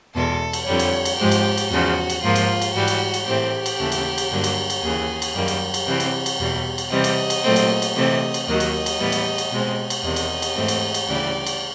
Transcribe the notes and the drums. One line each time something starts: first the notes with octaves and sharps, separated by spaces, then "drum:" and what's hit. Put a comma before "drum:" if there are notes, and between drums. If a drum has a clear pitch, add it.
E2 B2 G#3 A4
drum: cymbal
F2 D3 G3 C#5
drum: cymbal
drum: cymbal
G#2 F3 G#3 C4 G4
drum: cymbal
drum: cymbal
E2 C#3 F3 F#4
drum: cymbal
G#2 F3 A#3 F4
drum: cymbal
drum: cymbal
G#2 E3 G3 F#4
drum: cymbal
drum: cymbal
A2 E3 A3 C4 G4
drum: cymbal
D#2 C#3 E3 A3
drum: cymbal
drum: cymbal
G2 D3 F#3 A#3
drum: cymbal
drum: cymbal
D#2 C#3 E3 G#4
drum: cymbal
F#2 D#3 G3 A#3
drum: cymbal
drum: cymbal
C3 E3 G3 C4
drum: cymbal
drum: cymbal
E2 B2 G3
drum: cymbal
C3 E3 G3 C4 D#5
drum: cymbal
drum: cymbal
A#2 F#3 A3 C4
drum: cymbal
drum: cymbal
C3 E3 A3 C4 D#5
drum: cymbal
D#2 D#3 F#3 D#5
drum: cymbal
drum: cymbal
A2 E3 G3 B3
drum: cymbal
drum: cymbal
B2 G#3 C4
drum: cymbal
E2 C3 D#3 D#5
drum: cymbal
drum: cymbal
G#2 E3 A3 C4
drum: cymbal
drum: cymbal
D2 C#3 E3 G3 D5
drum: cymbal